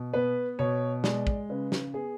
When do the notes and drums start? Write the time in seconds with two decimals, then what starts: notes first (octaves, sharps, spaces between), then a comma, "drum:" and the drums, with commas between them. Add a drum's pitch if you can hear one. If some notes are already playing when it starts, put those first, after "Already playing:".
Already playing: B2
0.13 B3 B4
0.59 B2 C#5
1.04 G#3 D5, drum: snare
1.27 drum: kick
1.49 C#3 B4
1.72 drum: snare
1.94 B3 G#4